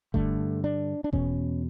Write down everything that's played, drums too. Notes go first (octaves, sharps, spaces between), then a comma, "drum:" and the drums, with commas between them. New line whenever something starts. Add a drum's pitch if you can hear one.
G2 D3 A3, drum: kick E1
D4
D4
E2 B2 C#4, drum: kick E1